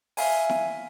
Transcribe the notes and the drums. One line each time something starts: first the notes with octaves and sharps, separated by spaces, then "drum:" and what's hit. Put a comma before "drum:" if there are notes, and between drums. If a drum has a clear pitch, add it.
E5 F5 G#5, drum: open hi-hat
drum: snare E4